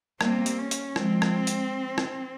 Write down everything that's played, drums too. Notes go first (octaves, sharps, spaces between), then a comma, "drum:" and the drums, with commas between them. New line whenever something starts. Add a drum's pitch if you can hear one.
G3 A#3 C4, drum: rim click
drum: hi-hat
C#4
drum: hi-hat
F3 G#3 C4, drum: rim click
drum: rim click
drum: hi-hat
drum: rim click